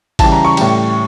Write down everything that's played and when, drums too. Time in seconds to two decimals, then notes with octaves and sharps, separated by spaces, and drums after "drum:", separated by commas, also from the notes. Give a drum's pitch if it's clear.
0.19 C#3 E3 G3 A5, drum: kick A1, cymbal
0.32 A#5
0.45 C#6
0.57 A2 G3, drum: cymbal